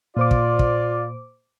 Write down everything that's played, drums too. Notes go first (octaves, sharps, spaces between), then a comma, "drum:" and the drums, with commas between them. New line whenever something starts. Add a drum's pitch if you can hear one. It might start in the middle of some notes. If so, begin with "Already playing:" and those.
A#2 F4 C5 D5 D6
drum: kick
drum: kick